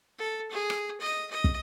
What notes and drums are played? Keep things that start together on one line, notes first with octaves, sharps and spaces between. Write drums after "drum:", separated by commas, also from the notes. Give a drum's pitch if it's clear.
A4
G#4
drum: rim click
D#5
D#5
drum: kick